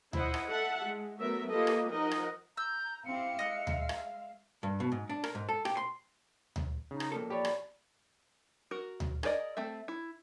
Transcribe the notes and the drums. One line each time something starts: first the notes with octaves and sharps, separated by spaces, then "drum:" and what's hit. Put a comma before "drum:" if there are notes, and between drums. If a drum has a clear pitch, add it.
E4 C5 D#5 F#5, drum: tom D2
drum: rim click
A4 E5 F#5 A5
G#3
F#3 A3 B3 A#4 E5
A#3 F4 G4 A4 B4 D#5
drum: rim click
F3 D#4 A#4 D#5 F#5
drum: rim click
A#5 E6 G6
C4 E4 G4 E5 F5 C#7
G#3 D#5 F#6
drum: tom D2
drum: rim click
G2
B2
G#2
D4
A#4, drum: rim click
G#2
A4
G4, drum: rim click
C6
drum: tom D2
C#3 D#4
drum: rim click
F2 A#2 A4 A#4
G4 C#5 D5 B5
drum: rim click
F#4 A#4
drum: tom D2
G#4 A#4 B4 D5 D#5, drum: rim click
A3 C4 E5
E4